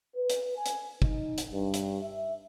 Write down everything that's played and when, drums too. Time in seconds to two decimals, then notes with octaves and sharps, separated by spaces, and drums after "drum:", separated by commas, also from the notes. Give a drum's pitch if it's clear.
0.15 B4
0.30 drum: hi-hat
0.56 G#5
0.66 drum: hi-hat
1.02 D#4, drum: kick
1.38 drum: hi-hat
1.52 G2
1.74 drum: hi-hat
2.02 E5